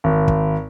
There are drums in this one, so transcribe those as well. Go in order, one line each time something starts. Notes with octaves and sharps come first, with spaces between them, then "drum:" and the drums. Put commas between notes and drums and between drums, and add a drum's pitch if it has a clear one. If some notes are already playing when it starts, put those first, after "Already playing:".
G#1
drum: kick